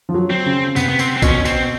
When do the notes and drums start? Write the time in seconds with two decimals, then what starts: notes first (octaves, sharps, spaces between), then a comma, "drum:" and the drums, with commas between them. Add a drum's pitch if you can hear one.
0.09 F3
0.14 F#3
0.30 C4
0.46 C#3
0.76 C3 B3, drum: tambourine
0.89 B3
0.99 C4, drum: tambourine
1.17 C4
1.22 B2 C#4, drum: kick A#1, tambourine
1.45 C4, drum: tambourine